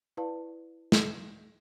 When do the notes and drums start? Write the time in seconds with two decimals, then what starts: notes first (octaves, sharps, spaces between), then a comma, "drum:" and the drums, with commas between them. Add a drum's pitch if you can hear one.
0.17 E4 B4 D5 F5 A5
0.92 drum: snare